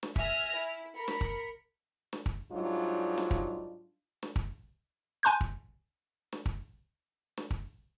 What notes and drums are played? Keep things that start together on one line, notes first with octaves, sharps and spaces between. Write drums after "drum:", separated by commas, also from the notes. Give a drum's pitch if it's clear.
drum: snare
E5 G#5 F6 A#6, drum: kick
E4
A#4 B5 C#7
drum: snare
drum: kick
drum: snare
drum: kick
G#2 F#3 G3 D4 D#4 F4
drum: snare
drum: kick
drum: snare
drum: kick
G#5 A5 C6 F#6 G6
drum: kick
drum: snare
drum: kick
drum: snare
drum: kick